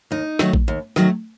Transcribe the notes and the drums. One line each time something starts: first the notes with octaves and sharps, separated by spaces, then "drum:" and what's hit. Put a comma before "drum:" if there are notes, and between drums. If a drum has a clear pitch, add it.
D#2 D#4
D#3 F#3 A3, drum: snare
drum: kick A#1
D#2
D#3 F#3 A3, drum: snare